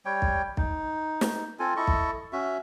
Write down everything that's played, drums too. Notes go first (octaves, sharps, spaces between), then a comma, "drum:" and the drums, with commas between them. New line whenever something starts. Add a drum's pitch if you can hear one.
G3 C#5 G5
drum: kick
D#4, drum: kick
drum: snare
C4 F4 A4 G#5
E4 A4 D#5 C#6
drum: kick
C#4 F#4 E5